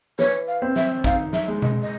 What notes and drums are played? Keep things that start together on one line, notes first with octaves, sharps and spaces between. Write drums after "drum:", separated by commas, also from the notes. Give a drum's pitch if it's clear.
E3 C#5
F5
C4
E5, drum: snare
D#4 F5, drum: kick
E5, drum: snare
G#3
D#5, drum: tom B2
D#5